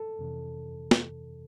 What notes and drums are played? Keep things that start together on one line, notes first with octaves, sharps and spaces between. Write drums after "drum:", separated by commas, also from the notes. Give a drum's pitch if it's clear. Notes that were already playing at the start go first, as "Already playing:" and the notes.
Already playing: A4
F2 C3 E3
drum: snare